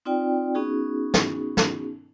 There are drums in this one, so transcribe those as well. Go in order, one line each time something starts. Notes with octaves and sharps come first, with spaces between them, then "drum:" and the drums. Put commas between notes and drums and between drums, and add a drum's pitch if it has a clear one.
C4 D#4 F4 D5 G5
B3 C#4 D#4 F#4 G#4
drum: snare
drum: snare